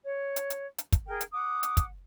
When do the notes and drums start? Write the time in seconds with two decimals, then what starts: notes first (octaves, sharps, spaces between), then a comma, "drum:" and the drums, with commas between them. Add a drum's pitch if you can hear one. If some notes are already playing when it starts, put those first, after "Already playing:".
0.02 C#5
0.36 drum: hi-hat
0.50 drum: hi-hat
0.78 drum: hi-hat
0.92 drum: kick, hi-hat
1.07 G#4 A#4 G5
1.21 drum: hi-hat
1.31 F#5 D6 D#6
1.63 drum: hi-hat
1.77 drum: kick, hi-hat